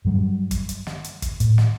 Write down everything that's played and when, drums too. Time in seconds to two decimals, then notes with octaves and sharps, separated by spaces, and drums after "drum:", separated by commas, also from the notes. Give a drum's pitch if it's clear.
0.05 G2 F#3 G3
0.51 drum: kick, hi-hat
0.69 drum: hi-hat
0.87 drum: snare
1.04 drum: hi-hat
1.22 drum: kick, hi-hat
1.40 A2, drum: hi-hat
1.58 drum: snare